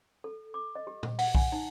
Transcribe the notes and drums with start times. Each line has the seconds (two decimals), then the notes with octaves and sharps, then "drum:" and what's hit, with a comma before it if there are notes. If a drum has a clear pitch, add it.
0.24 A4
0.54 D6
0.75 D#5
0.87 G4
1.03 drum: tom
1.19 F#5, drum: open hi-hat
1.35 G#5, drum: kick B1
1.52 D#4